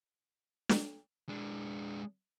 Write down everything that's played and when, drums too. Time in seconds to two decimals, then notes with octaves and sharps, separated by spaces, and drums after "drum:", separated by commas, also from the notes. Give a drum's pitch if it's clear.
0.69 drum: snare
1.29 G#3 D4